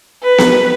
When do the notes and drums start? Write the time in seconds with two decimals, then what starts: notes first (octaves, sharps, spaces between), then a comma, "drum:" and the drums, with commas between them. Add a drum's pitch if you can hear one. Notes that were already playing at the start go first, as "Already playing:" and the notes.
0.23 B4
0.38 drum: snare B3